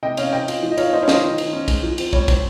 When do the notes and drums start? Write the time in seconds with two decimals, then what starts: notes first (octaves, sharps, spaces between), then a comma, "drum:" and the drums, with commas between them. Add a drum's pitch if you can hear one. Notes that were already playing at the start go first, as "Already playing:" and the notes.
0.03 C3 D#5 G5
0.17 C#4 C#5 F5, drum: cymbal
0.33 C4 D#5 G5
0.48 F4, drum: cymbal
0.63 F3
0.71 D#5
0.77 D#4 C#5 F5, drum: cymbal
0.93 D#4 C5 D#5
1.03 C#5 F5
1.08 F3, drum: snare
1.13 C5 D#5
1.23 D#3
1.38 D#3, drum: cymbal
1.53 C#4
1.68 G#3, drum: kick, cymbal
1.83 F3
1.98 C4, drum: cymbal
2.13 G3 C#5, drum: kick
2.28 C4 C#5, drum: kick, cymbal